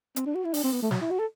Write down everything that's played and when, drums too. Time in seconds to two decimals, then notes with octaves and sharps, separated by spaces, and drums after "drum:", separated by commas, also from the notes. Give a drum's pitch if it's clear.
0.16 C4, drum: hi-hat
0.26 D4
0.35 F#4
0.44 E4
0.54 D4, drum: open hi-hat
0.64 C4
0.73 B3
0.82 A3
0.91 F#3, drum: snare
1.01 E4
1.11 F#4
1.19 A4